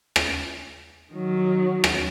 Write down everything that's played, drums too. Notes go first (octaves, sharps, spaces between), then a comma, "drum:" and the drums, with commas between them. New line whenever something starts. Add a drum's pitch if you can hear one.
drum: rim click
D#3 F#3
drum: rim click